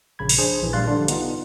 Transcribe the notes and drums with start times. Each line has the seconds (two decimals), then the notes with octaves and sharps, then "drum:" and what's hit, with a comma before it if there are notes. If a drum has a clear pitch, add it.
0.19 A#1 C#3 B5 G#6
0.29 drum: open hi-hat
0.39 D4 G#4 C5
0.61 A#1 E3
0.73 A#1 G3 F5 C6 F#6 A6
0.87 D3 G3 D4
1.08 B3 D#4 F4, drum: hi-hat